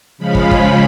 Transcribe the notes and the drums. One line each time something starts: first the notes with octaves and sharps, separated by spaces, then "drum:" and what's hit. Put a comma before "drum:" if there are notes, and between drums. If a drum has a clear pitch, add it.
C#3 F3 G#3 C#4 F4 B5
drum: kick
drum: kick